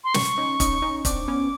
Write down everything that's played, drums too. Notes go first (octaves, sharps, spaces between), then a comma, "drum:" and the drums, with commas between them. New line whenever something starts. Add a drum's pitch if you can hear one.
C6
C#6, drum: snare
C#4 D#4
C#4 D#4, drum: kick, hi-hat
C#4 D#4
C4 D4 D6, drum: kick, hi-hat
B3 C#4